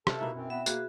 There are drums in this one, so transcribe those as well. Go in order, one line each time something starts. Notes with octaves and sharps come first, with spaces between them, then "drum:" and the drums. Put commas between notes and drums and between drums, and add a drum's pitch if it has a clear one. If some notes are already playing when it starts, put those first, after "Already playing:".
C3 F4 A4 C#5, drum: rim click
B2 A#3 D#4 E4 F#4 E5
F#2 C4
B3 E5
A#3 F#4 G#4 B4 E5, drum: tambourine